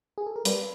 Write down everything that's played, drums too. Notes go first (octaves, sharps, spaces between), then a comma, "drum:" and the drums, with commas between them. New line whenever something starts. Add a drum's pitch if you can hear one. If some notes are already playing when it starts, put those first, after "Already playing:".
G#4
A4
A#4
G3 B4, drum: hi-hat